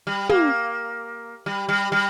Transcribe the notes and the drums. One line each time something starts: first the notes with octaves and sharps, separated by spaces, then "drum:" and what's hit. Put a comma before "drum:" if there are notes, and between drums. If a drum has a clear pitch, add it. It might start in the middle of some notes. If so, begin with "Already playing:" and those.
G3
A#3, drum: tom
G3
G3
G3